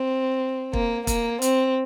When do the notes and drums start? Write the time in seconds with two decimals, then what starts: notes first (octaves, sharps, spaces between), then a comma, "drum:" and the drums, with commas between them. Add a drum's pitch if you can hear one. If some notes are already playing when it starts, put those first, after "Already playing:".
Already playing: C4
0.73 A#3, drum: kick
1.07 A#3, drum: kick, hi-hat
1.42 C4, drum: hi-hat